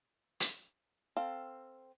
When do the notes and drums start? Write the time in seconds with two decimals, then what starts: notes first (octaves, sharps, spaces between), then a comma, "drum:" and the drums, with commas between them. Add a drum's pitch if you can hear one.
0.40 drum: hi-hat
1.17 C4 A4 F5